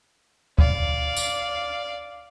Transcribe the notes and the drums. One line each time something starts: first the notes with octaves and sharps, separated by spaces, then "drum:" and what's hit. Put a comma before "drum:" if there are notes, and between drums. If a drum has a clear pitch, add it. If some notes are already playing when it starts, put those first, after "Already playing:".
D5 F5, drum: kick D2
drum: tambourine